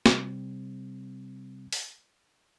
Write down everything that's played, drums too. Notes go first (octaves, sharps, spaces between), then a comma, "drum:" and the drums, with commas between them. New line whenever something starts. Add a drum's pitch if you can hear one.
C3 G3 C4, drum: snare
drum: open hi-hat